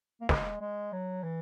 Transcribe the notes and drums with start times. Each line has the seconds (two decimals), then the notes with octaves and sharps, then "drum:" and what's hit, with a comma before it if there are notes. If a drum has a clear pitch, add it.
0.21 A#3
0.29 G#3, drum: snare
0.61 G#3
0.93 F#3
1.23 E3